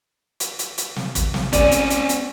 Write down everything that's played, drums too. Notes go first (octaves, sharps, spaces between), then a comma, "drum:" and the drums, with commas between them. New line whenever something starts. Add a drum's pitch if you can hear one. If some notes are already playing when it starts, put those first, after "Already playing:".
drum: hi-hat
drum: hi-hat
drum: hi-hat
drum: snare
drum: kick, hi-hat
drum: snare
C4 C#4 D5, drum: kick, hi-hat
drum: hi-hat
drum: hi-hat
drum: hi-hat